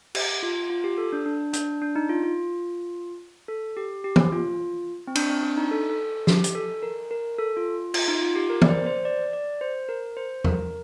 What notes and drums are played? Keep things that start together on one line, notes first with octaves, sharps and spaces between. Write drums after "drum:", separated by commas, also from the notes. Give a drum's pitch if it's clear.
G4, drum: cymbal
F4
F4
G4
A4
D4
D4
D4, drum: hi-hat
D4
D#4
F4
F4
A4
G4
G4
drum: tom
F4
C4
D4, drum: cymbal
C4
D4
D#4
A4
A4
G4, drum: snare
drum: hi-hat
A4
A#4
A#4
A4
F4
F4, drum: cymbal
D#4
F4
G4
A#4
D5, drum: tom
C5
C5
D5
D5
C5
A#4
C5
A#4, drum: tom E2